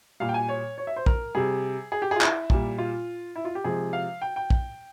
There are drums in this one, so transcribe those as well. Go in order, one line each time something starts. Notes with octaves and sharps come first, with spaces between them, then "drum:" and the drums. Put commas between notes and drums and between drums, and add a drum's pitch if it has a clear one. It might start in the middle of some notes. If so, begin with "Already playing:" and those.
A#2 G3 F5
G5
G#5
C#5
C#5
E5
C5
A#4, drum: kick
C3 G3 G#4
G#4
G4
G#4
F4
E4, drum: clap
A#2 G3, drum: kick
F4
E4
F4
G4
C3 F3 G#3 G#4
F5
G5
G5
drum: kick